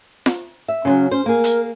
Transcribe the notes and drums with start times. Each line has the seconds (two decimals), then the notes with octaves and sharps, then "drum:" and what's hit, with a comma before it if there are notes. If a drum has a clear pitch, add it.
0.26 drum: snare F4
0.68 E5
0.85 C#3 F3 F#3 C#4
1.11 C#4 C5
1.26 A#3 G#4 A#4
1.44 drum: hi-hat